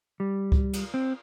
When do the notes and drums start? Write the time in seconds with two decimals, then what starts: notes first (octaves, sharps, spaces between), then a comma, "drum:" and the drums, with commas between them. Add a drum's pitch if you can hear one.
0.20 G3
0.52 drum: kick C#2
0.73 drum: cymbal
0.94 C4